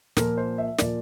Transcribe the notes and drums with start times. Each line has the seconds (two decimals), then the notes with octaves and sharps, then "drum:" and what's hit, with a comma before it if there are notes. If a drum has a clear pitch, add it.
0.17 A#2 F3 A#3 A#4, drum: snare
0.37 C5
0.58 E5
0.78 A#2 F3 A#3 D5, drum: snare